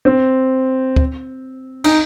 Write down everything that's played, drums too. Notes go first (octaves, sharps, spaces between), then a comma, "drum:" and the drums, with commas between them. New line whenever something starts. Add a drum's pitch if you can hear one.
C4
drum: kick
D#4, drum: cymbal